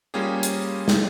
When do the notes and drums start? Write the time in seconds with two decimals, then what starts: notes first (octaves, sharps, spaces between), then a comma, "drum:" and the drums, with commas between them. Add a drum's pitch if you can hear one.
0.14 G3 A#3 C#4 F4 G4 G#4
0.43 drum: hi-hat
0.88 drum: snare